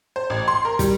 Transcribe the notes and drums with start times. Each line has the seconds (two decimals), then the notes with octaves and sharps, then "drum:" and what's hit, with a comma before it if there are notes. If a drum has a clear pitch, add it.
0.16 C5
0.30 A1
0.48 C6
0.65 A#4
0.79 G3, drum: kick, hi-hat